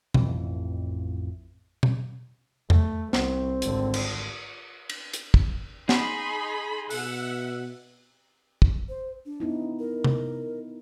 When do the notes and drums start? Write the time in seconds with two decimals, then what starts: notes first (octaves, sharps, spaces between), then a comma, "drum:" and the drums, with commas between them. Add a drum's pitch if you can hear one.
0.14 A1 F2 E3, drum: tom B2
1.83 drum: tom B2
2.70 A3, drum: tom E2
3.13 C2 C4, drum: snare
3.62 G#1 D3, drum: hi-hat
3.94 drum: cymbal
4.89 drum: cymbal
5.13 drum: hi-hat
5.34 drum: kick
5.89 D#4 G#4 B5 C6, drum: snare
6.90 B2 E5 F#5, drum: open hi-hat
8.62 drum: kick
8.89 C5
9.26 D4
9.40 B3 D#4 E4
9.79 A#4
10.04 drum: tom C3